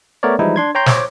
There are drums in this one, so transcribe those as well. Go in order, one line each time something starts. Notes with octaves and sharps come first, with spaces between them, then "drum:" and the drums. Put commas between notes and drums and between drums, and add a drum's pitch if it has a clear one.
A3 B3 A#4 C#5 D5
E3 F3 G3 G#3 D#4 E4
D4 C6 G#6
C#5 G5 A#5 C6 G6
C5 C#5 D6, drum: snare